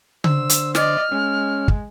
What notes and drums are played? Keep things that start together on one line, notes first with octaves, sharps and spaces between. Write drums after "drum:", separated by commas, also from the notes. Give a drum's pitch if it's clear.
D3 C5 E6, drum: tom C#3
drum: hi-hat
D5 D#5 F6, drum: snare
G#3 C#4
drum: kick